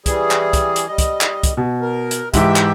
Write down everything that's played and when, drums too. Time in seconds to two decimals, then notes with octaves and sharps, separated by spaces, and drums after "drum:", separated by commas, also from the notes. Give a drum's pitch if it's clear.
0.06 E3 G3 G#4, drum: kick, hi-hat
0.31 drum: clap
0.53 drum: kick, hi-hat
0.76 drum: hi-hat
0.88 G3 D#5
0.98 drum: kick, hi-hat
1.21 drum: clap
1.43 drum: kick, hi-hat
1.57 B2
1.81 A#4
2.11 drum: hi-hat
2.34 G#2 E3 G4 E5 G5, drum: kick, hi-hat
2.56 drum: clap